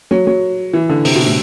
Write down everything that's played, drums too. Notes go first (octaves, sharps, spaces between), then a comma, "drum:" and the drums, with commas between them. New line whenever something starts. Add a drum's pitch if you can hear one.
F#3
F#3
E3
D3
C3, drum: open hi-hat
B2
A2